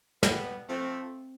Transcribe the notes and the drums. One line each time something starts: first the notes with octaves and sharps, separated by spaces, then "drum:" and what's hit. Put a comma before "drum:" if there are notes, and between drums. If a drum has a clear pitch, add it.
G3 B3, drum: snare
F3 A3 C4